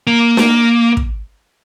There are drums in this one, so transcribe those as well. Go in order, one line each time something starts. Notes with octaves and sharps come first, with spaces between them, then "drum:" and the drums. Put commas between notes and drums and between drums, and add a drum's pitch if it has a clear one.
A#3
drum: snare
drum: kick